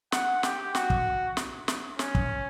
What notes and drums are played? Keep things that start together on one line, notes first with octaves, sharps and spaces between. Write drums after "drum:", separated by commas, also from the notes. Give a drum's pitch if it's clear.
F#5, drum: snare
G4, drum: snare
F#4, drum: snare
drum: kick
drum: snare
drum: snare
C#4, drum: snare
drum: kick